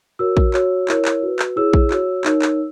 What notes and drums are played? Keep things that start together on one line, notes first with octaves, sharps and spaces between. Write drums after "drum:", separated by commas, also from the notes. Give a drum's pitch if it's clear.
F#4 A#4 C#5 E6
drum: kick A#1
F#4 C#5, drum: clap
E4 A#4 C#5, drum: clap
drum: clap
F#4 B4
drum: clap
E4 G#4 C#5 E6
drum: kick A#1
F#4 C#5, drum: clap
D#4 A#4 C#5, drum: clap
drum: clap